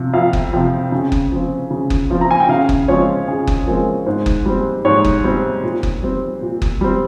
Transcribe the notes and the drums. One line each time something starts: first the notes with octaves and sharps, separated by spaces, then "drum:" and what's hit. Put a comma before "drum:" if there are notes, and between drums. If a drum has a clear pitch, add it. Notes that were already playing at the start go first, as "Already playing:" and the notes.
Already playing: C3 F3
F2 F5
drum: kick F#1
C3 F3 G5
C#3
drum: kick F#1
F3 C4
C#3
drum: kick F#1
F3 C4
A#5
G#5
G5
C#3 F5
drum: kick F#1
F3 G#3 C4 C#5
C#3 G#4
drum: kick F#1
F3 G#3 C4 A#4
G#2 C5
drum: kick F#1
G3 C4
G#2 C#5
drum: kick F#1
G3 C4 C5
A#2
drum: kick F#1
G3 C4
A#2
drum: kick F#1
G3 C4